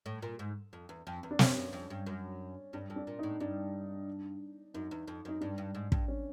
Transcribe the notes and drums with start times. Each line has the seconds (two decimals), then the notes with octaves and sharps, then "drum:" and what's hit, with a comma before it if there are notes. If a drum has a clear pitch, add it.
0.06 A2
0.22 A#2
0.39 G#2
0.73 F2
0.89 E2
1.07 F2
1.23 E2
1.31 D4
1.39 F2 C#4, drum: snare
1.57 F#2
1.73 F2
1.90 G2
2.06 F#2
2.73 G2 D4
2.90 F2
2.96 D4
3.07 A#2
3.19 D#4
3.23 A2
3.40 G2 D4
4.74 F#2 D#4
4.91 E2
5.08 F2
5.25 F#2 D#4
5.41 G2 D4
5.58 G2
5.75 G#2
5.92 G2, drum: kick
6.08 C#4